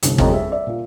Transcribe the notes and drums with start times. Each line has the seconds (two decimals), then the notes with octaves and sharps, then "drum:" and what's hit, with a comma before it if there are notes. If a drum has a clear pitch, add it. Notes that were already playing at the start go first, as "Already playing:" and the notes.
0.03 G1 C2, drum: hi-hat
0.18 F1 F2 G3 C#5 D#5 A#5, drum: kick
0.30 G#4 E5
0.52 D5 E5
0.67 A#2 F4